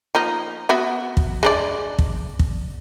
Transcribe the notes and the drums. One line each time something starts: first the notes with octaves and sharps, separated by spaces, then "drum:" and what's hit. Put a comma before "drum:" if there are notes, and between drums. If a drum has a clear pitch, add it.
F3 A#3 D#4
B3 F#4 E5
drum: kick
G#3 D4 D5
drum: kick
drum: kick